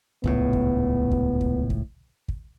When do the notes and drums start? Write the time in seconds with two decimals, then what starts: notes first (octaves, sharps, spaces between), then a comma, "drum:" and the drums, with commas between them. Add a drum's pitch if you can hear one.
0.24 D#1 C#2 A2 B3, drum: kick
0.53 drum: kick
1.11 drum: kick
1.41 drum: kick
1.70 drum: kick
2.28 drum: kick